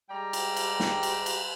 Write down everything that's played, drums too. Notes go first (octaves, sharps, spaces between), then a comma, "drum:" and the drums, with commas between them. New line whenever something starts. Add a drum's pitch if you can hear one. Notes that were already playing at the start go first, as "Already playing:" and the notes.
G3 G#3 D5 G5 A#5
drum: cymbal
drum: cymbal
drum: snare
drum: cymbal
drum: cymbal